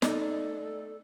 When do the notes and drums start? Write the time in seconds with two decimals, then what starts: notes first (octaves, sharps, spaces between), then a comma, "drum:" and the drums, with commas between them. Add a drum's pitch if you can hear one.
0.02 A3 D#4 A4 D5, drum: snare